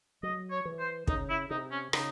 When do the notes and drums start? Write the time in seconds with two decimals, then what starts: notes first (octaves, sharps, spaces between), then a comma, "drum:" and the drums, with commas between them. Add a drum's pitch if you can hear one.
0.23 F#3 D#5
0.51 C#5
0.65 E3
0.79 C5
1.08 C#3 D#4, drum: kick
1.30 E4
1.50 C3 D#4
1.71 C#4
1.93 C#3 D#4, drum: rim click